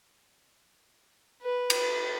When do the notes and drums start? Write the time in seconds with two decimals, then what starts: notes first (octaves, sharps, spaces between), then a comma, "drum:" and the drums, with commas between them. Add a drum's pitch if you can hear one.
1.42 B4
1.70 drum: cymbal